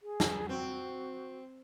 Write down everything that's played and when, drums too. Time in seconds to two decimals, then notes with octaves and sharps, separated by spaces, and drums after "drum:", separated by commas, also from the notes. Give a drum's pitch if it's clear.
0.02 G#4
0.20 drum: snare
0.49 C4 F#4